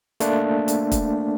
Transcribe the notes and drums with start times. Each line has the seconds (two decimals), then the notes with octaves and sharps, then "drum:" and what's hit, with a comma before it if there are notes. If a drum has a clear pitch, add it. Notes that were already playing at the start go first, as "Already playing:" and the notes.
0.20 A3 A#3 D4, drum: hi-hat
0.68 drum: hi-hat
0.92 drum: kick, hi-hat